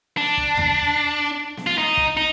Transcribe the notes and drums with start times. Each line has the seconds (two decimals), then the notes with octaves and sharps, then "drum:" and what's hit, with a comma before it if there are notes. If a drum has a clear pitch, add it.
0.17 D4
0.37 drum: kick
0.57 drum: tom D#2
1.57 drum: snare B3
1.67 F4
1.78 D#4
1.97 drum: kick
2.17 D#4